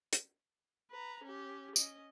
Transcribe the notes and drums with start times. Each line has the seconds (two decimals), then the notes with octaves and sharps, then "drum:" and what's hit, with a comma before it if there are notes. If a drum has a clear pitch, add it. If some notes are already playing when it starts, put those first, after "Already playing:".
0.13 drum: hi-hat
0.91 B4 A#5
1.24 C#4 G4
1.76 C#4 D#5, drum: tambourine